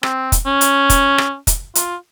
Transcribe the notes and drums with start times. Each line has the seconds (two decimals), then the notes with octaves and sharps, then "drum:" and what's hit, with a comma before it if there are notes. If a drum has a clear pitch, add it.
0.03 C4, drum: rim click
0.32 drum: kick, hi-hat
0.46 C#4
0.61 drum: hi-hat
0.90 drum: kick, hi-hat
1.18 drum: rim click
1.47 drum: kick, hi-hat
1.75 F4, drum: hi-hat